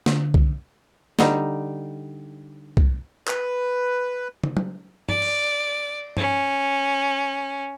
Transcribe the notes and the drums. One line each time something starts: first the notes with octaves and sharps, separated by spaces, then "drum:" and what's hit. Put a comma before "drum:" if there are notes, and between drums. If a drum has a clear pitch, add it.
D3, drum: snare
drum: kick
D3 G3 D#4, drum: snare
drum: kick
B4, drum: clap
drum: tom
drum: tom F#3
D5, drum: tom G2
drum: cymbal
C#4, drum: tom G2